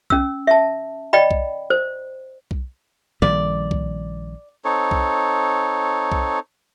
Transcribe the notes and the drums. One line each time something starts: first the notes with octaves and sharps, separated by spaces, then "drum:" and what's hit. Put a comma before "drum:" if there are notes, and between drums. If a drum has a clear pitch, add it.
C#4 E6, drum: kick B1
E5 A5
D5 D#5 G5 B5
drum: kick B1
C5
drum: kick B1
A#1 D#3 G3 D5
drum: kick B1
C4 D#4 A4 C#5
drum: kick B1
drum: kick B1